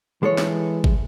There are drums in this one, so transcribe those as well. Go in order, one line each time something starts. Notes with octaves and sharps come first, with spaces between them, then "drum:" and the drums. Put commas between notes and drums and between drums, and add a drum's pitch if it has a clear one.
E3 G#3 A4 C#5
drum: snare
drum: kick G#1